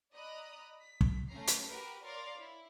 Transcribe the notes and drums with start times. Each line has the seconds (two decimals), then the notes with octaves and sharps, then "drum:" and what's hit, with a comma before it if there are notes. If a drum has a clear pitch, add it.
0.13 D5 D#5 A#5 B5 D#6 F#6
0.80 B6
1.01 drum: kick
1.28 A3 C#4 A#5 C7
1.48 drum: hi-hat
1.67 F#4 G4 A#4 B4
2.03 A#4 C#5 D5 F5 C6 A6
2.39 E4